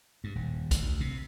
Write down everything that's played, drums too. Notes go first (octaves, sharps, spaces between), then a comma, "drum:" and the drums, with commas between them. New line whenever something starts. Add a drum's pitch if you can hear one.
G2
D#1
D2, drum: kick B1, hi-hat
C3